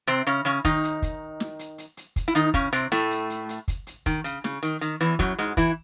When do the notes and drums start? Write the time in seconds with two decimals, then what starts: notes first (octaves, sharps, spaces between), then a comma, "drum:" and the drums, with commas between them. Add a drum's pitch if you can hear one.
0.07 C3 C4, drum: hi-hat
0.27 C#3 C#4, drum: hi-hat
0.45 C#3 C#4, drum: hi-hat
0.65 D#3 D#4, drum: kick, hi-hat
0.83 drum: hi-hat
1.02 drum: kick, hi-hat
1.40 drum: snare
1.59 drum: hi-hat
1.78 drum: hi-hat
1.97 drum: hi-hat
2.16 drum: kick, hi-hat
2.28 E4
2.35 D#3 D#4, drum: hi-hat
2.54 C#3 C#4, drum: kick, hi-hat
2.73 C3 C4, drum: hi-hat
2.92 A2 A3, drum: snare
3.11 drum: hi-hat
3.30 drum: hi-hat
3.49 drum: hi-hat
3.68 drum: kick, hi-hat
3.87 drum: hi-hat
4.06 D#3, drum: kick, hi-hat
4.24 C#3, drum: hi-hat
4.44 C#3, drum: snare
4.63 D#3, drum: hi-hat
4.81 D#3, drum: hi-hat
5.00 E2 E3, drum: hi-hat
5.19 F#2 F#3, drum: kick, hi-hat
5.39 G#2 G#3, drum: hi-hat
5.57 E3 E4, drum: kick, hi-hat